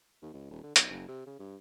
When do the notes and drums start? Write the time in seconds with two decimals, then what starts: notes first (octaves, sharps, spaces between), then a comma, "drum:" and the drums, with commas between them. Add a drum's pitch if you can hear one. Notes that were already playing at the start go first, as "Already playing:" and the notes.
0.22 D#2
0.34 C#2
0.50 D#1
0.63 D3
0.76 B1, drum: hi-hat
0.90 F#1
1.09 C3
1.26 C#3
1.39 G2